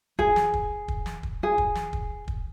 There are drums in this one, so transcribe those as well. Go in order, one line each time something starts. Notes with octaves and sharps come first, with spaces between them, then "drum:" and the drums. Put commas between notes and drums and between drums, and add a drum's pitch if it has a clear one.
G#4, drum: kick
drum: snare
drum: kick
drum: kick
drum: snare
drum: kick
G#4
drum: kick
drum: snare
drum: kick
drum: kick